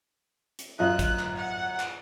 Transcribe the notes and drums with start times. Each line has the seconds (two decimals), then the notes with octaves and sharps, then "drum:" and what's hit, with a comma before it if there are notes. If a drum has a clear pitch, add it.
0.59 drum: hi-hat
0.79 F#2 F4 D#5 F#6
0.99 drum: kick, hi-hat
1.19 drum: clap
1.36 F#5
1.80 drum: clap